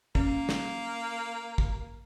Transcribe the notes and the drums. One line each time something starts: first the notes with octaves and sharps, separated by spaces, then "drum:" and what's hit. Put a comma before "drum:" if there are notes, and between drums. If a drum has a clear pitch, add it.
A#3 C#4, drum: kick
drum: snare
drum: kick